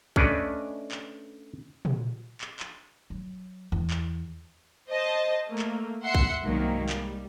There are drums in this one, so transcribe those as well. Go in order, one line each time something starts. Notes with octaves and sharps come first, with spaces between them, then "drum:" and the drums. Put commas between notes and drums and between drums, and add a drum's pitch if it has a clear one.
A3 C#4 D4 B4 D5 D#5, drum: kick
drum: clap
drum: tom A#2
drum: clap
drum: clap
F#3
E2
drum: clap
C5 D#5 A5
A3 A#3
drum: clap
E5 F#5 C6 C7 C#7
drum: kick
C2 G#2 D#3 F#3 A#3
G3, drum: clap